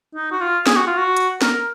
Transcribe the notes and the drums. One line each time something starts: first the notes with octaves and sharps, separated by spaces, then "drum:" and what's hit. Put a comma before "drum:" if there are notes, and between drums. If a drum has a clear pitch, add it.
D#4
F#4
F4
G#4, drum: snare
F#4
F4
F#4
drum: hi-hat
A#4, drum: snare